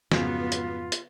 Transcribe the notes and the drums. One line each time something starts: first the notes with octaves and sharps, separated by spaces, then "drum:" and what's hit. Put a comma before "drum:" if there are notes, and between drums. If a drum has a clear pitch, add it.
F2 G#2 C#3 F#3 B3 F4, drum: snare
drum: hi-hat
drum: hi-hat